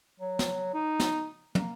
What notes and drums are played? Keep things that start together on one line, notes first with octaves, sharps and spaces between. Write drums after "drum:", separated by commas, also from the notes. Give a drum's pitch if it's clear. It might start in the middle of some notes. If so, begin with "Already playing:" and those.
F#3
drum: snare
D#4
drum: snare
A#3, drum: tom